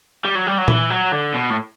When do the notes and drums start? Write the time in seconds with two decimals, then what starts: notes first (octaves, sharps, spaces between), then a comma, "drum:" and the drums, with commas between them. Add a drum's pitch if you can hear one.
0.25 G3
0.35 F#3
0.47 G3
0.58 F#3
0.68 E3, drum: tom A#2
0.90 F#3
1.12 D3
1.34 B2
1.50 A2